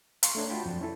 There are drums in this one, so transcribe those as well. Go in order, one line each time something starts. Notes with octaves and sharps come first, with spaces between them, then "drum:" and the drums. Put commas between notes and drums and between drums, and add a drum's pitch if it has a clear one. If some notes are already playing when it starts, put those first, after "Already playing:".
F5 A#5 C6 C#6, drum: hi-hat
A3 D4 C#5
F4 F#4 G5 A5 B5
F2 D5 A5
C#4 E4 A4